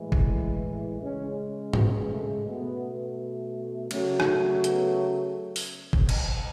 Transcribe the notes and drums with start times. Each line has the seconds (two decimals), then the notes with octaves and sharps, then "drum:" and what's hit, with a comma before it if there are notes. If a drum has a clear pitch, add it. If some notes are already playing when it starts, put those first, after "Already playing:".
Already playing: A2 E3 G#3
0.12 drum: kick
1.01 C#3 G#3 C#4
1.73 B3, drum: tom G#2
2.10 A3
2.46 B2 A3 B3
3.91 C#3 F#3 A3 C#4, drum: cymbal
4.20 drum: rim click
4.64 B3, drum: hi-hat
5.56 drum: open hi-hat
5.93 drum: kick
6.09 drum: cymbal